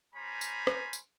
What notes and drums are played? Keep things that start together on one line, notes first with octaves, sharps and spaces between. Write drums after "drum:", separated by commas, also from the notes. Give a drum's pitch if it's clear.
G3 C#4 C5 G#5 A#5 B5
drum: tambourine
drum: rim click
drum: tambourine